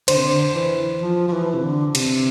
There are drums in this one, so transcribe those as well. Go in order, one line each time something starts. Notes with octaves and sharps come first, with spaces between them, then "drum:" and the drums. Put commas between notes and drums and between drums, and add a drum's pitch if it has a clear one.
D3 C5, drum: cymbal
C3
D3
E3
F3
F3
E3
C3
D3
C3, drum: cymbal